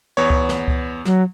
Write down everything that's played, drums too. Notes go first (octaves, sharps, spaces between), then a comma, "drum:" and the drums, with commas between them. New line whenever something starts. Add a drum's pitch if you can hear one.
E2 B3 C#5
drum: kick C#2
drum: snare
drum: kick C#2
F#3, drum: snare